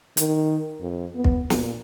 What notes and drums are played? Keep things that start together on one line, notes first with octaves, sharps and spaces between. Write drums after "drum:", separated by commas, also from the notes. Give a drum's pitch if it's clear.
D#3, drum: hi-hat
F2
B3
drum: kick
A#2, drum: snare